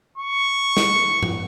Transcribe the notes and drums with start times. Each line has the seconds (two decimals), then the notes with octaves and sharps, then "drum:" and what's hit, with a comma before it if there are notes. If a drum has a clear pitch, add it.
0.17 C#6
0.77 drum: snare
1.23 drum: tom G#2